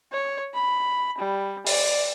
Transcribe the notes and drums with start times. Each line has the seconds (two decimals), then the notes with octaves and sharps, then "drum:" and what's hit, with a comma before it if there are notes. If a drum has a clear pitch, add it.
0.12 C#5
0.54 B5
1.18 G3
1.67 D5, drum: open hi-hat